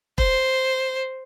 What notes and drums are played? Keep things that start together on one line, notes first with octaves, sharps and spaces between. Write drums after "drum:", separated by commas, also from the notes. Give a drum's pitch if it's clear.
C5, drum: kick E1